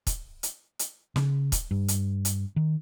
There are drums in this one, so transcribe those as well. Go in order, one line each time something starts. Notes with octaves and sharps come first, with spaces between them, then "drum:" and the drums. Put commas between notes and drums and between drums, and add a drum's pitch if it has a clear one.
drum: kick, hi-hat
drum: hi-hat
drum: hi-hat
C#3, drum: snare
drum: kick, hi-hat
G2
drum: hi-hat
drum: hi-hat
D#3